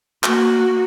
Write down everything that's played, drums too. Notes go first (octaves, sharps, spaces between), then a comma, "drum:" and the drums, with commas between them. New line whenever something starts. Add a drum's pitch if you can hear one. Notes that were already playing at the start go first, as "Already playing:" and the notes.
A#3 F#4, drum: clap